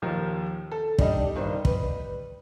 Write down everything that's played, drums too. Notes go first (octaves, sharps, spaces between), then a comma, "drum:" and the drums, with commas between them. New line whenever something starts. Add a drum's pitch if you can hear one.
D#2 D#3 F3
A4
G3 D4 D#4 G4, drum: kick
G2 D#3 C5
B4, drum: kick